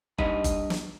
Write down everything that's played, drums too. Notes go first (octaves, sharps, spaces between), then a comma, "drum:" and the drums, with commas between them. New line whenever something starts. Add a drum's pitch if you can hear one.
G2 D#4 D#5 B5, drum: kick F#1
drum: kick F#1, hi-hat
drum: snare